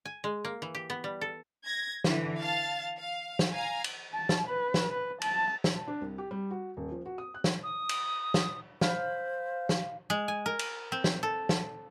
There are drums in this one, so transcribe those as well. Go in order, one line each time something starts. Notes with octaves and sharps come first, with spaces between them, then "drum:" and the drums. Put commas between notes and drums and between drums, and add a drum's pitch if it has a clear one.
G#5
G#3
A#3
E3
G4
B3
G3
A4
G#6 A#6
D3 E3, drum: snare
F5 A5 A6
F5
drum: snare
F5 G#5 A#5
drum: cymbal
A5
drum: snare
B4
drum: snare
B4
A5, drum: cymbal
drum: snare
A5
D4
C2
G4
G3
F#4
D#1
F3
F#4
D#6
F#6
drum: snare
D#6
drum: cymbal
drum: snare
C5 F5 B5, drum: snare
drum: snare
G#3
G#5
A#4
drum: cymbal
C4
drum: snare
A4
drum: snare